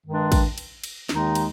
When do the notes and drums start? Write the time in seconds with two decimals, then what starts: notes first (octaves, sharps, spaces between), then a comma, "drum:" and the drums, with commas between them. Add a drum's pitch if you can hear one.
0.06 G2 D#3 G#3 D4
0.32 drum: kick, cymbal
0.58 drum: cymbal
0.84 drum: cymbal
1.09 D#2 D#3 G#3 D#4, drum: snare
1.35 drum: cymbal